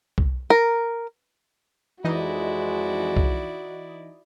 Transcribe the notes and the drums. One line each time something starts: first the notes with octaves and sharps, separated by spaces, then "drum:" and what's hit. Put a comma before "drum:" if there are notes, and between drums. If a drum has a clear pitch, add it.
drum: kick
A#4
F2 E3 G#3 D#4 E4 F#4 D5 D#5
drum: kick